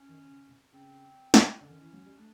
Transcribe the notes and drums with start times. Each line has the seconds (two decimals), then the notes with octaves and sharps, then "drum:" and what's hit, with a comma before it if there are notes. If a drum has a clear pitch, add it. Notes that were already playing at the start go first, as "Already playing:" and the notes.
Already playing: C#4
0.09 D#3
0.24 C#3
0.49 C3
0.72 C#3 C4
1.34 drum: snare
1.61 D3 D4
1.69 D#3 C#4
1.81 E3
1.93 F#3
2.06 G3
2.18 A3 D4